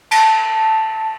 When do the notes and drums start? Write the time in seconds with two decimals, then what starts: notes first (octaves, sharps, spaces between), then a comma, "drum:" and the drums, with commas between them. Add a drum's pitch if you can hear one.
0.11 A5, drum: cymbal